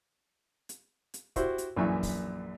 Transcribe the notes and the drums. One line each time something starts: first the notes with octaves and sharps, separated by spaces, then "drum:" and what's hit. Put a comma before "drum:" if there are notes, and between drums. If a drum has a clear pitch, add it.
drum: hi-hat
drum: hi-hat
E4 F#4 G4 C5, drum: kick, hi-hat
drum: hi-hat
A#1 F#2 E3 E5 G#5 C#6
drum: kick, open hi-hat